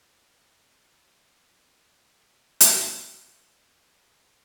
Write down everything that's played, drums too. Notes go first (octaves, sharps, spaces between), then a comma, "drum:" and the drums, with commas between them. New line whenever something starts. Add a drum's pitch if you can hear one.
A#1 E2
drum: hi-hat
A#1 F#2 D3 F#3